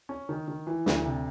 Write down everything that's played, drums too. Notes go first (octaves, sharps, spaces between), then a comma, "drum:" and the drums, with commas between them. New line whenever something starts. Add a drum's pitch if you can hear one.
C#4
D#3
D#3
E3
D2, drum: snare
C3